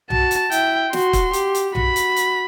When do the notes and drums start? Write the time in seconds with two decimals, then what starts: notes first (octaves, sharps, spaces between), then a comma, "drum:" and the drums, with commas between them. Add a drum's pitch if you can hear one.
0.10 F#4 A5, drum: tom B1
0.31 drum: hi-hat
0.52 E4 G5, drum: hi-hat
0.93 F#4 C6, drum: snare
1.13 drum: kick, hi-hat
1.33 G4, drum: hi-hat
1.55 drum: hi-hat
1.75 F#4 B5, drum: tom B1
1.96 drum: hi-hat
2.16 drum: hi-hat